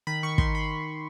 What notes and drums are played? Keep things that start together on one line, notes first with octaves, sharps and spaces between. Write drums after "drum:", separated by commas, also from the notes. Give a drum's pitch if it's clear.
D#3 B5
D#3 C#6
D#3 C6, drum: kick
B5